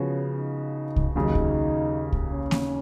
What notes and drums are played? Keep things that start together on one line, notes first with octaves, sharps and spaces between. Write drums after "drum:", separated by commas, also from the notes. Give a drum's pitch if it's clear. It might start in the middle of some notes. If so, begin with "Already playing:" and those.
Already playing: C#3 F3 B3 C#4 F#4
D#4
drum: kick C2
D#2 C#3 F#3 D#4
drum: kick C2
drum: kick C2
C#4
drum: snare A#3